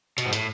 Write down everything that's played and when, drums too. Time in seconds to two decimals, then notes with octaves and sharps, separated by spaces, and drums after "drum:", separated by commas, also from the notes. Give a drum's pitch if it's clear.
0.18 B2, drum: hi-hat
0.26 G#2
0.33 A2, drum: hi-hat